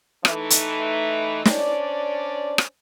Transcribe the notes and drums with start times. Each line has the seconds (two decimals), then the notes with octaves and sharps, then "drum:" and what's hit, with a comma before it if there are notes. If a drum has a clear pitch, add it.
0.25 E3 A3 D#4, drum: rim click
0.50 drum: hi-hat
1.45 C#4 D4 C5 D5, drum: snare
2.58 drum: rim click